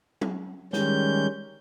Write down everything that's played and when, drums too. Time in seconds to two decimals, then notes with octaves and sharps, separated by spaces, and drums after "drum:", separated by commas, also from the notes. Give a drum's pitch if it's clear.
0.21 drum: tom F#3
0.73 D#3 G3 G#3 C#4 G6, drum: snare